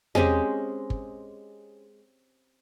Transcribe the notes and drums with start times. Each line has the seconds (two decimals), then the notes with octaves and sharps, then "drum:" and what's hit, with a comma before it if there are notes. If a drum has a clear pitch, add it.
0.15 G#3 C4 C#4 G4, drum: tom E2
0.90 drum: kick